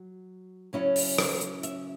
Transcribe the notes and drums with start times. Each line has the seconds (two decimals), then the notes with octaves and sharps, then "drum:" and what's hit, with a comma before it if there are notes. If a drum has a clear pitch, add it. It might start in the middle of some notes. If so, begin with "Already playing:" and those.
Already playing: F#3
0.73 C#3 F#3 C#4 E4
0.96 drum: open hi-hat
1.18 drum: rim click
1.41 drum: hi-hat
1.63 E5, drum: hi-hat